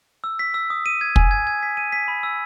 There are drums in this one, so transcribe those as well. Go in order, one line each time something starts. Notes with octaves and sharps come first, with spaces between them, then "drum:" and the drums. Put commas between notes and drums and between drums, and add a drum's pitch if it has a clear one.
E6
B6
E6
D#6
D#7
G#6
G#5, drum: kick
G#6
G#6
B6
D#7
B6
B5
E6